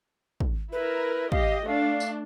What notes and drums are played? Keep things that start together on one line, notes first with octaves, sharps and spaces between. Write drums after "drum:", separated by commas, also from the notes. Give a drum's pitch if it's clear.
drum: kick
E4 A#4 B4
G4 D#5 F5, drum: kick
A3 D4 F5
drum: tambourine